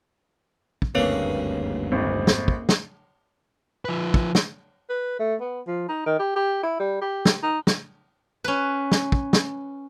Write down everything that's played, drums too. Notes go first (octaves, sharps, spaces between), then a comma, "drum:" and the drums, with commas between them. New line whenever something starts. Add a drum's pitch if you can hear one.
drum: kick
F#1 D2 G2 C#3 A#3 C4 B4 C#5
G#1 F2
drum: snare
drum: kick
drum: snare
F3 B4
drum: kick
drum: snare
B4
A3
B3
F3
D#4
D#3
G4
G4
E4
G3
G4
drum: snare
D#4
drum: snare
C#4 B4
drum: snare
drum: kick
drum: snare